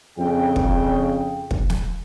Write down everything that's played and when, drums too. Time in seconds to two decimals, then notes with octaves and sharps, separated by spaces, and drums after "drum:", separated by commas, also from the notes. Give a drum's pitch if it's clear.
0.18 F2 C#3 G5
0.56 drum: kick
1.51 drum: kick
1.70 drum: snare